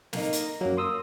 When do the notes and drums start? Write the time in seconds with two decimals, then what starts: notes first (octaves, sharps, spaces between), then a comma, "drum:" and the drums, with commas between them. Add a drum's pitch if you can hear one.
0.13 A#3 D#4, drum: snare
0.33 drum: hi-hat
0.61 F#2 F#3 A#3
0.77 C6 D#6 E6